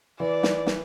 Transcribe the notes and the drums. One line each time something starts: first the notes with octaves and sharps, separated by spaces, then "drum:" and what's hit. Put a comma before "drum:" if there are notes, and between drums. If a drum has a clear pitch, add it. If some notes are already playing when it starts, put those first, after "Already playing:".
E3 D5
drum: snare
drum: snare